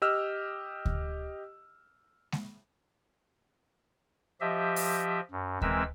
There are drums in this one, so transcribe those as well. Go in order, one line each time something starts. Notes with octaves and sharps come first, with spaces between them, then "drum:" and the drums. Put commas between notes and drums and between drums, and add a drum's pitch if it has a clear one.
G4 D#5 E6 F6
drum: kick D2
drum: snare G#3
F3 G4 D#5 E5
drum: open hi-hat
F#2
E3 G#3 C4 A#4 B4 E6, drum: kick D2